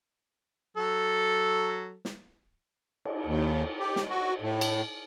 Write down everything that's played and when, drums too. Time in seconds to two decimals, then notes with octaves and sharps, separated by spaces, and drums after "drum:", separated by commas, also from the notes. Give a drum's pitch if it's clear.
0.77 F#3 A4
2.05 drum: snare
3.05 drum: cymbal
3.26 D#2
3.80 G4
3.96 drum: snare
4.10 F#4
4.41 A2
4.61 drum: cymbal